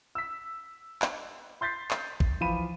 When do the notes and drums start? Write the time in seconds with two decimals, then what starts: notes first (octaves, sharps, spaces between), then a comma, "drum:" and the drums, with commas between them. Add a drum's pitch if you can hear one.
0.15 E6 B6
1.02 drum: clap
1.61 C6 G6 A6 B6 C7
1.91 drum: clap
2.20 drum: kick G#1
2.40 E3 F3 F4 B5 D#7